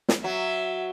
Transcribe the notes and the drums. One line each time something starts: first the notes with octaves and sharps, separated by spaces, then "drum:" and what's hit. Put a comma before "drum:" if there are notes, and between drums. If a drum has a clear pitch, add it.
drum: snare
F#3 E5